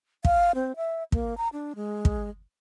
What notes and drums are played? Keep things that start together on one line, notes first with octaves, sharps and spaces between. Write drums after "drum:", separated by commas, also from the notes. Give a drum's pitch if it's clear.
F5, drum: kick
C4
E5
A#3, drum: kick
A#5
D4
G#3
drum: kick